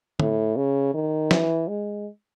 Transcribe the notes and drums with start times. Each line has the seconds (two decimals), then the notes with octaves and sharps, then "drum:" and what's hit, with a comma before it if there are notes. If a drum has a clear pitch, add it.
0.20 A2, drum: tom
0.56 C#3
0.94 D#3
1.31 E3, drum: snare
1.68 G#3